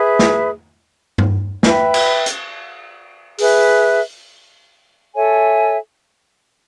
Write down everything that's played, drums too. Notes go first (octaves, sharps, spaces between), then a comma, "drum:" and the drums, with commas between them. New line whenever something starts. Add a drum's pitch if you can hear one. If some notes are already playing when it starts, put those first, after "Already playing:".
Already playing: G#4 B4 E5
drum: snare
drum: tom G2
B4 E5 G5, drum: snare
drum: cymbal
drum: hi-hat
G#4 B4 E5, drum: open hi-hat
A4 C#5 E5 G#5